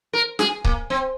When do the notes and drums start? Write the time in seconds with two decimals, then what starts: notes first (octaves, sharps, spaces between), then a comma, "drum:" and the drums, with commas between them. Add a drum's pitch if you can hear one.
0.13 A#4
0.39 G#4, drum: snare
0.65 A#3, drum: kick C#1
0.90 C4